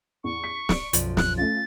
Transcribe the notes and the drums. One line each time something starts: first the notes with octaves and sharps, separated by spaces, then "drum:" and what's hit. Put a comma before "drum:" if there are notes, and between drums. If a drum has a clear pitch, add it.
E2 C#6
B6
D5 D7, drum: snare
B1 F#2 F3, drum: hi-hat
F#6, drum: snare
A3 C#4 F4 A6